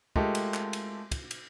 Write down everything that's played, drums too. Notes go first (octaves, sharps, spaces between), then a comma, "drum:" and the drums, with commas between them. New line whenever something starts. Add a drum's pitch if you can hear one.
G#3 A3 F4 G4 A4 A#4, drum: kick
drum: cymbal
drum: clap
drum: cymbal
drum: kick, cymbal
drum: cymbal